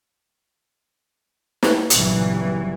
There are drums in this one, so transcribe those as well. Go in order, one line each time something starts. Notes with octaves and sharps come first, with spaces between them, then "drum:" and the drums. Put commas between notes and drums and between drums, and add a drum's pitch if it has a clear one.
drum: snare
G1 A#2 C#3 E3 F#3 G3, drum: hi-hat